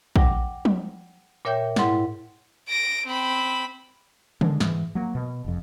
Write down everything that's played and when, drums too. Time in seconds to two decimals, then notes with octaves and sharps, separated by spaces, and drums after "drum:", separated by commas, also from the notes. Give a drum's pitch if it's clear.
0.16 F#5 G5 D6 A#6, drum: kick A#1
0.65 drum: tom
1.45 A#2 A#4 C#5 E5 G5 G6
1.76 G#2 E4 F#5 A6, drum: snare
2.69 A#6 D7
3.06 C4 B5
4.41 D3 G#3 D4, drum: tom
4.60 G#2 E3, drum: snare
4.95 F#3 A#3
5.15 B2
5.44 F1 F2